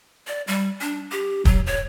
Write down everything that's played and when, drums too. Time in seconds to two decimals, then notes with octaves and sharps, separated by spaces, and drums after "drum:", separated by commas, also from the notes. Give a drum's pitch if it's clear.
0.27 D5
0.47 G3
0.81 D4
1.12 G4
1.45 F#3, drum: kick
1.66 C#5